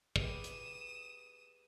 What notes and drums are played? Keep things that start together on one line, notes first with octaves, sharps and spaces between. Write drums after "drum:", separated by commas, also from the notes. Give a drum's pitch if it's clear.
G4 G#4 B4 D#6 E7, drum: kick
drum: hi-hat